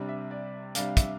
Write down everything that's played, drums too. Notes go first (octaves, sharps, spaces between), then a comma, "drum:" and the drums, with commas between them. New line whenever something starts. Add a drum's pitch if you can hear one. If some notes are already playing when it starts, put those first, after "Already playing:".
Already playing: C3 G3 D4
E5
D5
C3 G3 D4 F5, drum: hi-hat
E5, drum: kick, hi-hat